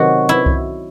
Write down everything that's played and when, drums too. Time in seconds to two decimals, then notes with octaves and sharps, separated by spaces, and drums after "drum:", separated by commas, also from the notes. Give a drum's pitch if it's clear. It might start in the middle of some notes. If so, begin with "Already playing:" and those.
Already playing: C3 D#3 F#3 F#4
0.29 E4
0.46 drum: kick C2